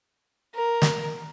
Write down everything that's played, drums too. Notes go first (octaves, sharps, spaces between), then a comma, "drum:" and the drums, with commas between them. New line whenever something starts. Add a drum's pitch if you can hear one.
A#4
drum: snare